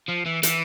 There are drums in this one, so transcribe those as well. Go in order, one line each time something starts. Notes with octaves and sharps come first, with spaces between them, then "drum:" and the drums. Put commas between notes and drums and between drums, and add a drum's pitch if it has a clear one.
F3
E3
E3, drum: hi-hat